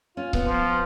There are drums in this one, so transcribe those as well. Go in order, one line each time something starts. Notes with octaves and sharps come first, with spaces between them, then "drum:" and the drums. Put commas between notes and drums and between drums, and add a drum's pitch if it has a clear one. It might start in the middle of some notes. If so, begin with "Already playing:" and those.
C#4 F4
B3, drum: kick C#1
F3